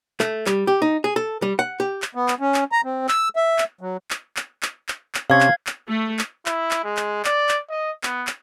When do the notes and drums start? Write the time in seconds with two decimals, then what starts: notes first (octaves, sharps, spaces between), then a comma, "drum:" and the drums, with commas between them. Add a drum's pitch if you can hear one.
0.20 A3, drum: clap
0.46 G3, drum: clap
0.67 G4
0.82 D#4
1.04 G#4
1.16 A4
1.42 G3
1.59 F#5
1.80 G4
2.02 drum: clap
2.15 B3
2.28 drum: clap
2.40 C#4
2.54 drum: clap
2.72 A#5
2.84 C4
3.09 E6, drum: clap
3.36 E5
3.58 drum: clap
3.81 F#3
4.10 drum: clap
4.37 drum: clap
4.63 drum: clap
4.89 drum: clap
5.15 drum: clap
5.30 C3 C#4 C#5 F5 G#6
5.41 drum: clap
5.67 drum: clap
5.88 A3
6.19 drum: clap
6.46 E4, drum: clap
6.71 drum: clap
6.84 G#3
6.97 drum: clap
7.25 D5, drum: clap
7.49 drum: clap
7.70 D#5
8.03 B3, drum: clap
8.27 drum: clap